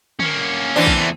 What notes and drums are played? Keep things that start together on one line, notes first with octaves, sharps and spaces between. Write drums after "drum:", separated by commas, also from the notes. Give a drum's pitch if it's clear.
A#3 C#4, drum: tom D3
E3 C4 D4
drum: kick A#1
E2 A3